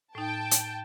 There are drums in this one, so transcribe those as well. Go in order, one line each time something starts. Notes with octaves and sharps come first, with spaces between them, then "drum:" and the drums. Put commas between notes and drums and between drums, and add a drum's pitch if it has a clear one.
A2 D#4 G5 A5
drum: hi-hat